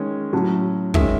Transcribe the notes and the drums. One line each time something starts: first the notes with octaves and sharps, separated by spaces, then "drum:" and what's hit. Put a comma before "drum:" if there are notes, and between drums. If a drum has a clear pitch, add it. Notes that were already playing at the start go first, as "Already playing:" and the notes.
Already playing: D#3 G#3 C#4
A2 F#3 C#4
D#3 G#3 C#4 E5, drum: kick